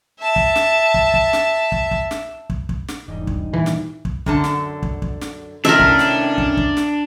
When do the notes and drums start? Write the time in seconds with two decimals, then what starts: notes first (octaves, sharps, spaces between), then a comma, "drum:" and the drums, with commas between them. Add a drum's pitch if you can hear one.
0.19 E5 A5
0.36 drum: kick
0.55 drum: snare
0.94 drum: kick
1.14 drum: kick
1.33 drum: snare
1.72 drum: kick
1.91 drum: kick
2.11 drum: snare
2.50 drum: kick
2.69 drum: kick
2.88 drum: snare
3.08 E1 G#2 G3 D#4
3.27 drum: kick
3.53 A#2 D#3 E3
3.66 drum: snare
4.05 drum: kick
4.26 F#2 D3 A5, drum: kick
4.44 drum: snare
4.83 drum: kick
5.02 drum: kick
5.21 drum: snare
5.65 A2 C3 D#3 C#4 D4 A#4 E5
5.80 drum: kick
5.99 drum: snare
6.38 drum: kick
6.57 drum: kick
6.77 drum: snare